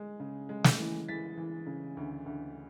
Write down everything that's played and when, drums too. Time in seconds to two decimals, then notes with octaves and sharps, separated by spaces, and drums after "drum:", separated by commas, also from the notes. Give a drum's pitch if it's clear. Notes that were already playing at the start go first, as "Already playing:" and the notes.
Already playing: G#3
0.20 C#3
0.49 G#3
0.64 drum: snare
0.79 E3
1.08 E3 A6 B6
1.37 E3
1.67 C#3
1.97 D2
2.26 D2